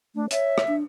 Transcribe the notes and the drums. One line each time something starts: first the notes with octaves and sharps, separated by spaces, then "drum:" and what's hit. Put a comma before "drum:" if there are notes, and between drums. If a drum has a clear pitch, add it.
A3 D4
C#5 E5, drum: hi-hat
drum: rim click
D4